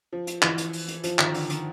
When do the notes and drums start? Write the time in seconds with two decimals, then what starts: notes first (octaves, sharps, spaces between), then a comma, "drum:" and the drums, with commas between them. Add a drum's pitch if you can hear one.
0.12 F3
0.27 drum: hi-hat
0.42 E3, drum: clap
0.58 drum: hi-hat
0.73 drum: open hi-hat
0.88 drum: hi-hat
1.04 F3, drum: hi-hat
1.19 D#3, drum: clap
1.34 D3, drum: open hi-hat
1.50 D#3, drum: hi-hat